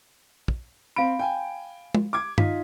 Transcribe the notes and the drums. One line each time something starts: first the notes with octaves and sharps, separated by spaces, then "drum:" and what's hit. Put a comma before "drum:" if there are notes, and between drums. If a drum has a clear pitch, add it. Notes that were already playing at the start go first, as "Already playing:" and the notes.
drum: kick
C4 F5 B5 D7
G5 G#5
drum: tom
D6 G#6
D#4 F4 B6, drum: tom G2